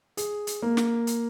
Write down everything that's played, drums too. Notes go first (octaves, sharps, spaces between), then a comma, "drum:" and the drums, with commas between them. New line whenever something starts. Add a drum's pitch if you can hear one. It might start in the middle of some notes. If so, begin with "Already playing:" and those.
G#4, drum: hi-hat
drum: hi-hat
A#3
drum: snare
drum: hi-hat